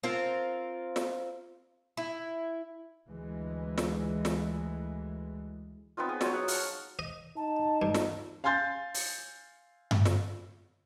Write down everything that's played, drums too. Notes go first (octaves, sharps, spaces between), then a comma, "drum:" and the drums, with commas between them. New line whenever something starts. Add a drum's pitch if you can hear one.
C4 F4 A#4
drum: snare
E4
D2 E3 G#3
drum: snare
drum: snare
B3 C4 D#4 F4
G#4 D#6
F#3 C5 C#5, drum: snare
F#5
F5 A5, drum: open hi-hat
D#5
D#4 A5
G2
drum: snare
F5 G#5 C6 G6 A6
drum: open hi-hat
drum: tom G2
drum: snare